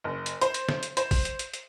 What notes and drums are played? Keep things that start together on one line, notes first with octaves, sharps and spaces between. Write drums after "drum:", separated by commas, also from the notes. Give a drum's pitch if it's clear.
F#1
drum: hi-hat
C5, drum: hi-hat
drum: hi-hat
drum: snare
drum: hi-hat
C5, drum: hi-hat
drum: kick, open hi-hat
drum: hi-hat
drum: hi-hat
drum: hi-hat